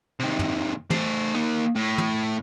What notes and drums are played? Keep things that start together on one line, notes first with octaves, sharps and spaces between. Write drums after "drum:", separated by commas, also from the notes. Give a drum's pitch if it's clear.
C3 D#3
drum: tom
A3 C5, drum: tom
A#3 D#4
A2
drum: tom